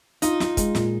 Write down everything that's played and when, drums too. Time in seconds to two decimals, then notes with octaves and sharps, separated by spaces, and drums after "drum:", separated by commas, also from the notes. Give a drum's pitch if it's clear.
0.22 D#4 F4, drum: hi-hat
0.40 F4, drum: snare
0.57 G#3, drum: kick, hi-hat
0.75 A#2, drum: snare